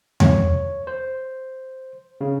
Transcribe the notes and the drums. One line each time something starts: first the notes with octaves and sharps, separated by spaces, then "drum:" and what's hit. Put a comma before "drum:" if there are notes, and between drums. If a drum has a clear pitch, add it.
C#5, drum: tom E2
C5
C#3